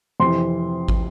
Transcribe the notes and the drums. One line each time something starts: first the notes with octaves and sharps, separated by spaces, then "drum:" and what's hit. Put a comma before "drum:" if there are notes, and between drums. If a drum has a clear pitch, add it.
F2 C3 E3 C6
drum: kick